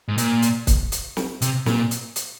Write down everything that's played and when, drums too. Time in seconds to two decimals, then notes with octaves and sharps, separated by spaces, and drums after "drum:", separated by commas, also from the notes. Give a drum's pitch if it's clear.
0.08 G#2
0.18 A#2, drum: hi-hat
0.42 drum: hi-hat
0.67 drum: kick, hi-hat
0.92 drum: hi-hat
1.17 drum: snare
1.42 C3, drum: hi-hat
1.66 A#2, drum: snare
1.91 drum: hi-hat
2.16 drum: hi-hat